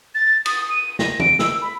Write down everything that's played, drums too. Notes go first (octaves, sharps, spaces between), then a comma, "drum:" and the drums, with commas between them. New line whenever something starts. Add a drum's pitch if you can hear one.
A6
D#6, drum: cymbal
D#7
A#6, drum: snare
D7, drum: tom
E6, drum: snare
B5